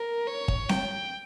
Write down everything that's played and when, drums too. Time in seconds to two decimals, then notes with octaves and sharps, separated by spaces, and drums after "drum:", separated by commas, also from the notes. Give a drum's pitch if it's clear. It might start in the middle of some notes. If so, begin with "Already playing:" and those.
Already playing: A#4
0.27 C#5
0.48 drum: kick
0.69 G5, drum: snare C4